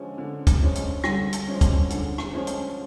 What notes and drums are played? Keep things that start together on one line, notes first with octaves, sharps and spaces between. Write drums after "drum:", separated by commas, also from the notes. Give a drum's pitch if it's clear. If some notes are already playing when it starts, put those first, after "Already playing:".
Already playing: D3 F3 G#3 C#4
D3
drum: kick, hi-hat
F3 G#3 C#4
drum: hi-hat
D3 G3, drum: rim click
drum: hi-hat
F3 G#3 C#4
drum: kick, hi-hat
D3, drum: hi-hat
drum: rim click
F3 G#3 C#4
drum: hi-hat